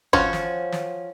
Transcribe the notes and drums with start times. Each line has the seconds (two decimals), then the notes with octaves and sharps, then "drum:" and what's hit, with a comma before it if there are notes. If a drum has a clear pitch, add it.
0.13 F3 C#4 F#4, drum: kick G1
0.33 drum: snare
0.72 drum: snare